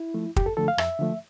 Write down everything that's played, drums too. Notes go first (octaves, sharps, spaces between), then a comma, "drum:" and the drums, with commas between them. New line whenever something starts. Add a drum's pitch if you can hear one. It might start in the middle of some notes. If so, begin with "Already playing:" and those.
Already playing: E4
F3 A3
F2 G4, drum: kick
A4
D3 F3 A3 A4
F5
F2 E5, drum: rim click
D3 F3 A3